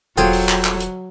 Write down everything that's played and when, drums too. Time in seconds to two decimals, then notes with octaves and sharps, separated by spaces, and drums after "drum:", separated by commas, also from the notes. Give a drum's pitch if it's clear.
0.17 E1 F#3 F4 G#4 A4 C5 G5 G#5, drum: hi-hat
0.33 drum: open hi-hat
0.49 drum: clap
0.65 drum: clap
0.80 drum: hi-hat